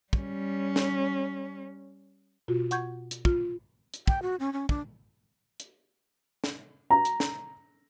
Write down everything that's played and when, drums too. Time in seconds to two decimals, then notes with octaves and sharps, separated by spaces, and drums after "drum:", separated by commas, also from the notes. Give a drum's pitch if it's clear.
0.13 G3 C#4, drum: kick
0.76 drum: snare
2.48 B2 F4 F#4
2.71 F#5 C#6 G6 G#6, drum: hi-hat
3.11 drum: hi-hat
3.25 F4, drum: kick
3.94 drum: hi-hat
4.08 G5, drum: kick
4.22 F#4
4.40 C#4
4.53 C#4
4.69 D4, drum: kick
5.60 drum: hi-hat
6.44 drum: snare
6.90 A#5
7.05 drum: hi-hat
7.20 drum: snare